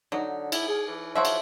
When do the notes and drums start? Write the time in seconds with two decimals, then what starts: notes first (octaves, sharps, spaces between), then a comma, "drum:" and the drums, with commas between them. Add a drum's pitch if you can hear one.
0.12 D3 F#3 D#4
0.52 E4, drum: cymbal
0.68 G#4
0.88 E3
1.15 F3 F#4 C5 C#5 E5
1.25 drum: cymbal